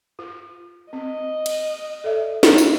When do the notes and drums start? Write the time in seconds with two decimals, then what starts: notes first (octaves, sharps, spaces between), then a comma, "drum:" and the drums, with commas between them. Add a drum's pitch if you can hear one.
0.19 F4
0.93 C4 D#5
1.46 drum: cymbal
2.04 A4 D5 E5
2.43 drum: snare
2.58 drum: tambourine